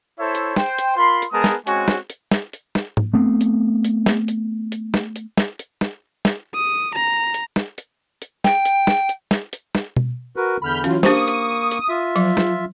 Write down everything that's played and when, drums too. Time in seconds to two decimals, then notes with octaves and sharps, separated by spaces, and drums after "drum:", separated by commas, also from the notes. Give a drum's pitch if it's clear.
0.19 E4 A4 C5 C#5 E5
0.35 drum: hi-hat
0.56 C5 G5, drum: snare
0.78 drum: hi-hat
0.97 F4 A#4 B5 C6
1.22 drum: hi-hat
1.32 G#3 B3 G#4 A#4 A5 D#6
1.44 drum: snare
1.67 G#3 C4 C#4 F#4 C#5 G#5, drum: hi-hat
1.88 drum: snare
2.10 drum: hi-hat
2.31 drum: snare
2.53 drum: hi-hat
2.75 drum: snare
2.97 drum: tom G#2
3.14 A3 B3 C4
3.41 drum: hi-hat
3.84 drum: hi-hat
4.06 drum: snare
4.28 drum: hi-hat
4.72 drum: hi-hat
4.94 drum: snare
5.16 drum: hi-hat
5.38 drum: snare
5.59 drum: hi-hat
5.81 drum: snare
6.25 drum: snare
6.54 D#6
6.95 A#5
7.34 drum: hi-hat
7.56 drum: snare
7.78 drum: hi-hat
8.22 drum: hi-hat
8.44 G5, drum: snare
8.65 drum: hi-hat
8.87 drum: snare
9.09 drum: hi-hat
9.31 drum: snare
9.53 drum: hi-hat
9.75 drum: snare
9.97 drum: tom B2
10.36 F#4 A#4 B4
10.62 E2 D3 B5 F6 G6
10.84 E3 F#3 C#4 F4, drum: hi-hat
11.03 A#3 D4 G4 C5 C#6 D#6, drum: snare
11.28 drum: hi-hat
11.71 drum: hi-hat
11.89 F4 E5
12.16 F3 F#3, drum: hi-hat
12.37 drum: snare